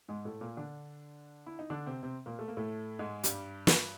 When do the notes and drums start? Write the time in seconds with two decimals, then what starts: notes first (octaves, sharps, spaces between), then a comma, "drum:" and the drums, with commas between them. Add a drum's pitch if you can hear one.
0.08 G#2 G#3
0.25 A2 A3
0.41 A#2 A#3
0.57 D3 D4
1.46 E4
1.59 D#4
1.70 D3 D4
1.86 C3 C4
2.03 C3 C4
2.26 A#2 A#3
2.39 A3
2.48 A#3
2.57 A2 A3
2.99 G#2 G#3
3.24 G2 G3, drum: hi-hat
3.67 drum: snare